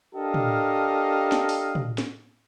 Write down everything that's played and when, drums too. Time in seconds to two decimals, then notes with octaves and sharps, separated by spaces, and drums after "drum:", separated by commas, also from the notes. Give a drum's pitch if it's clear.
0.15 D4 G4 A4 A#4 D#5 F5
0.34 drum: tom
1.32 drum: snare
1.49 drum: open hi-hat
1.75 drum: tom
1.98 drum: snare